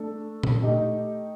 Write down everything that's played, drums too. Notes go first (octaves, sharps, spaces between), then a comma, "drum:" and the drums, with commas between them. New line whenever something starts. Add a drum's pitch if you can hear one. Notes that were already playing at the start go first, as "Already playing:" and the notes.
Already playing: A3 D4 A4
drum: tom A#2
A3 D#4 G4